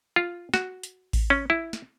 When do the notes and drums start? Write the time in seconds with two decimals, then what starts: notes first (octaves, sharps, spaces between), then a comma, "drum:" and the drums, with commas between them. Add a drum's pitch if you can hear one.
0.16 F4
0.54 F#4, drum: snare
0.83 drum: hi-hat
1.13 drum: kick A1, open hi-hat
1.30 C#4
1.50 E4
1.73 drum: snare